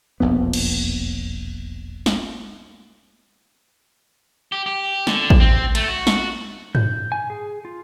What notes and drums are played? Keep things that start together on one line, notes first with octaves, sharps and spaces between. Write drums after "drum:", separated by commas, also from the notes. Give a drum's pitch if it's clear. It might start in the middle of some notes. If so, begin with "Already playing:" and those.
E1 A#1 F2 B3
drum: cymbal
drum: snare
G4
G4
D3, drum: snare
drum: kick A1
C4
A3, drum: cymbal
F#4
drum: snare
G6, drum: tom
G#5
G#4
F4